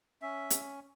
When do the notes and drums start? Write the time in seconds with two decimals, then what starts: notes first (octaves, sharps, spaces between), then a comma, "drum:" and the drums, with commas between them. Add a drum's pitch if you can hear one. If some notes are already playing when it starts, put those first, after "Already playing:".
0.22 C#4 E5
0.50 drum: hi-hat